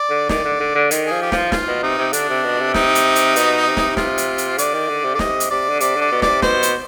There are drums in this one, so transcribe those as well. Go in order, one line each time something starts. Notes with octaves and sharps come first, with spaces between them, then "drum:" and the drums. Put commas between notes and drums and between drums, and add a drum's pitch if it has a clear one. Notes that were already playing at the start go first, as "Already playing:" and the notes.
Already playing: D5
D3
D#3 D5, drum: snare
D3
D3
D3
D#3, drum: hi-hat
F3 G#4
G4
F3, drum: snare
F4
F4, drum: snare
B2
C3 D#4
C3
D3 D4, drum: hi-hat
C3
B2
C3
D#4, drum: snare
drum: hi-hat
drum: hi-hat
B2, drum: hi-hat
C3
drum: snare
F4, drum: snare
drum: hi-hat
drum: hi-hat
D3 D5, drum: hi-hat
D#3
D3
C3
D3 D5
C3 D#5, drum: snare
drum: hi-hat
C3 D5
D3
C3 D5, drum: hi-hat
D3 D5
B2
D5, drum: snare
C3
B2 C5, drum: snare
drum: hi-hat